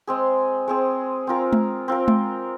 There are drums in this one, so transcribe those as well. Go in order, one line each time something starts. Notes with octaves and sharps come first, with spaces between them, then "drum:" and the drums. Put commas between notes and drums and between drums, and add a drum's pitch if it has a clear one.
G#3 C4 G#4
G#3 C4 G#4
C4 F4 A#4
drum: tom G#3
C4 F4 A#4
drum: tom G#3